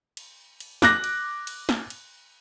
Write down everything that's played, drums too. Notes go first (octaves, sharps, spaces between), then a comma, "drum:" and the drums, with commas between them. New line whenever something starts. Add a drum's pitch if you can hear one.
drum: cymbal
drum: cymbal
D6 F#6 A#6, drum: snare
drum: cymbal
drum: cymbal
drum: snare
drum: cymbal